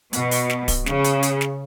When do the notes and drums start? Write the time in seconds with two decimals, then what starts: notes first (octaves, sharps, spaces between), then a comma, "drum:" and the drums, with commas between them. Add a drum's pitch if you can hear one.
0.13 B2, drum: hi-hat
0.31 drum: open hi-hat
0.50 drum: snare
0.68 drum: kick D1, open hi-hat
0.86 C#3, drum: snare
1.04 drum: hi-hat
1.23 drum: hi-hat
1.41 drum: snare